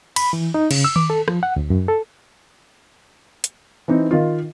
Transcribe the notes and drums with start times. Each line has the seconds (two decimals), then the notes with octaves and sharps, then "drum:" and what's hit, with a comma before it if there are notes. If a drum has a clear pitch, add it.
0.16 B5, drum: cymbal
0.33 E3
0.54 D#4
0.71 C#3, drum: cymbal
0.84 E6
0.96 D6, drum: tom D#3
1.10 A4
1.28 F3, drum: rim click
1.43 F#5
1.56 D2
1.70 F#2
1.88 A4
3.44 drum: hi-hat
3.88 E3 C4 D#4
4.11 D#3 F4